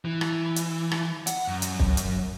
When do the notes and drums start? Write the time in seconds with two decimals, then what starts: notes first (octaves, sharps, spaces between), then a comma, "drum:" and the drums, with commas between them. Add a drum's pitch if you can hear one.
0.05 E3
0.21 drum: rim click
0.56 drum: hi-hat
0.91 drum: rim click
1.27 F#5, drum: hi-hat
1.48 F#2
1.62 drum: hi-hat
1.79 drum: kick
1.97 drum: hi-hat